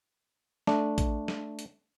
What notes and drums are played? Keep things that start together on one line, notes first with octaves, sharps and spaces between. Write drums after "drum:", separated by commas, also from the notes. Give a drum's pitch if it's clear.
A3 D4, drum: snare
drum: kick, hi-hat
drum: snare
drum: hi-hat